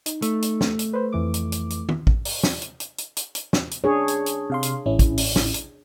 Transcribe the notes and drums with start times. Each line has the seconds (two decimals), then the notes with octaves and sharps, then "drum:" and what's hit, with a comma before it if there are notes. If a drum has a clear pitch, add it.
0.06 D#4, drum: hi-hat
0.22 A3, drum: hi-hat
0.42 drum: hi-hat
0.61 drum: snare
0.79 drum: hi-hat
0.93 B4 C5
1.12 F2 E3 D6
1.34 drum: hi-hat
1.52 drum: hi-hat
1.70 drum: hi-hat
1.89 drum: tom
2.07 drum: kick A1
2.25 drum: open hi-hat
2.43 drum: snare
2.62 drum: hi-hat
2.80 drum: hi-hat
2.98 drum: hi-hat
3.17 drum: hi-hat
3.35 drum: hi-hat
3.53 drum: snare
3.71 drum: hi-hat
3.84 D4 G#4 C#5
4.08 drum: hi-hat
4.26 drum: hi-hat
4.50 C3 F5 C6
4.63 drum: hi-hat
4.86 A1 C#4 E4
4.99 drum: kick A1, hi-hat
5.18 drum: open hi-hat
5.36 drum: snare
5.54 drum: hi-hat